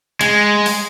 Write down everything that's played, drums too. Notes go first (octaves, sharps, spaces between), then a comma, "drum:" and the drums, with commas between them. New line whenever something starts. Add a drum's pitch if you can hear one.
G#3, drum: hi-hat
drum: open hi-hat